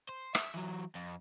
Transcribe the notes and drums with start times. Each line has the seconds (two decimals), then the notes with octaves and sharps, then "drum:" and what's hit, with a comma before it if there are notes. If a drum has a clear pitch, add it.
0.09 C5
0.35 E5, drum: rim click
0.54 E3 F#3
0.95 F2